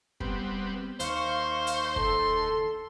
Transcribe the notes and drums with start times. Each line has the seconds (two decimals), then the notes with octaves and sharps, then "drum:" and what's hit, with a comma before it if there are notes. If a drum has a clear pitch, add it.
0.20 G3 B3 C4, drum: kick
1.00 D#2 C5 F5 C#6, drum: hi-hat
1.67 drum: hi-hat
1.96 A4 C6, drum: kick